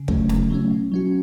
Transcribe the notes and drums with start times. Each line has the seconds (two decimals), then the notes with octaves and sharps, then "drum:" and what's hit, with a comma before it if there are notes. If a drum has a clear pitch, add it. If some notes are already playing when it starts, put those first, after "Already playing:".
Already playing: C#3
0.08 F#3 A3 C#4, drum: kick
0.29 C#3, drum: snare
0.50 F#3 A3 C#4
0.71 B2
0.92 F#3 C#4 F#4